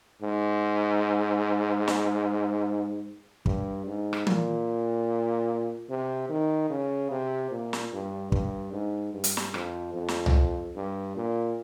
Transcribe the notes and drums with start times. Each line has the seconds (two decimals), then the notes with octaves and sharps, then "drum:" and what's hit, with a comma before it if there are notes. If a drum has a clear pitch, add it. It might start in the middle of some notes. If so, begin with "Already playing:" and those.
0.22 G#2
1.88 drum: snare
3.46 G2, drum: kick
3.86 G#2
4.13 drum: rim click
4.27 A#2, drum: tom
5.90 C3
6.29 D#3
6.70 C#3
7.11 C3
7.51 A#2
7.73 drum: snare
7.92 G2
8.32 G2, drum: kick
8.73 G#2
9.14 G2
9.24 drum: hi-hat
9.37 drum: snare
9.54 F2, drum: rim click
9.94 F2
10.08 drum: snare
10.26 drum: tom C2
10.76 G2
11.16 A#2